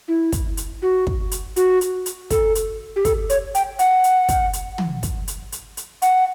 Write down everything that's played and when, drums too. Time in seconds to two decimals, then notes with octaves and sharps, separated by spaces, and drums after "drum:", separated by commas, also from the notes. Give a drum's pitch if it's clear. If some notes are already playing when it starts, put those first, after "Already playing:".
0.08 E4
0.32 drum: kick, hi-hat
0.57 drum: hi-hat
0.82 F#4
1.07 drum: kick
1.31 drum: hi-hat
1.56 F#4, drum: hi-hat
1.81 drum: hi-hat
2.06 drum: hi-hat
2.30 A4, drum: kick, hi-hat
2.55 drum: hi-hat
2.96 G4
3.05 A4, drum: kick, hi-hat
3.30 C#5, drum: hi-hat
3.55 G5, drum: hi-hat
3.79 F#5, drum: hi-hat
4.04 drum: hi-hat
4.29 drum: kick, hi-hat
4.53 drum: hi-hat
4.78 drum: tom
5.03 drum: kick, hi-hat
5.28 drum: hi-hat
5.52 drum: hi-hat
5.77 drum: hi-hat
6.02 F#5, drum: hi-hat